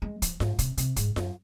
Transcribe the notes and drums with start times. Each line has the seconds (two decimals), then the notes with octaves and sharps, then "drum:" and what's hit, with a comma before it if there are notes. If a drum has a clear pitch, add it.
0.02 G#3
0.22 F3, drum: kick, hi-hat
0.40 G#2, drum: snare F4
0.59 C3, drum: kick, hi-hat
0.77 C3, drum: hi-hat
0.96 G#2, drum: kick, hi-hat
1.16 F#2, drum: snare F4